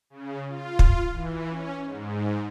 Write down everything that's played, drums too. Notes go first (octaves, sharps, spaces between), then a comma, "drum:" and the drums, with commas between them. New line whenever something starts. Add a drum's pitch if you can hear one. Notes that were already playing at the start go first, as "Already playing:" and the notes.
C#3
F4
drum: kick
E3
C#4
G#2